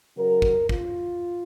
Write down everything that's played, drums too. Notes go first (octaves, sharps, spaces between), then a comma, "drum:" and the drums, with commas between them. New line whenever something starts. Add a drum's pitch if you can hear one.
C#3 F#3 C#4 A#4
drum: kick
F4, drum: kick